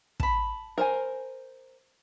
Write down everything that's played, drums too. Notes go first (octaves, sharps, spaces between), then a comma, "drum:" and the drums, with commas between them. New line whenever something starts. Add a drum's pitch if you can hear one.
A5 B5, drum: kick
A#4 C5 G#5